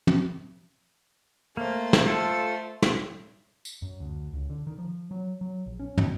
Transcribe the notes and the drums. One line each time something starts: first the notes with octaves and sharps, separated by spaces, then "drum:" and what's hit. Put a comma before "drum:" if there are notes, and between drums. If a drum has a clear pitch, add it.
drum: tom
A3 A#3 C5
drum: snare
F4 A4
drum: snare
drum: tambourine
F#2
D2
C#2
D3
D#3
F3
F#3
F#3
A#1
C#4
D3, drum: tom